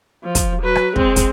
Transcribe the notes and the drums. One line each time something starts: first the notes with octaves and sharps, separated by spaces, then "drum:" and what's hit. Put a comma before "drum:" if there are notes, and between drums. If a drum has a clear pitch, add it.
F3
drum: kick, hi-hat
F#3 B4
drum: rim click
G#3 C4, drum: kick
drum: kick, hi-hat